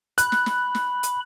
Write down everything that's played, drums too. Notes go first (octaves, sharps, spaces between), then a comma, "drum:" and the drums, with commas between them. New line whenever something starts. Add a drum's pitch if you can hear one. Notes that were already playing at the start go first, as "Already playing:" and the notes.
B5 F#6, drum: hi-hat
drum: snare
drum: snare
drum: snare
drum: hi-hat